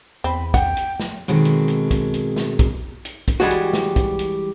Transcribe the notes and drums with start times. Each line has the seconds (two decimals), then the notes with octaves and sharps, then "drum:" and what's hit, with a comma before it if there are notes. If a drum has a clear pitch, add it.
0.24 E2 C4 B5
0.54 F#5 G5, drum: kick, hi-hat
0.77 drum: hi-hat
1.00 drum: snare
1.28 B2 D#3 G#3 C4 A4
1.45 drum: hi-hat
1.68 drum: hi-hat
1.91 drum: kick, hi-hat
2.14 drum: hi-hat
2.36 drum: snare
2.59 drum: kick, hi-hat
3.05 drum: hi-hat
3.28 drum: kick, hi-hat
3.40 E3 G3 G#3 F#4
3.51 drum: hi-hat
3.73 drum: snare
3.96 drum: kick, hi-hat
4.19 drum: hi-hat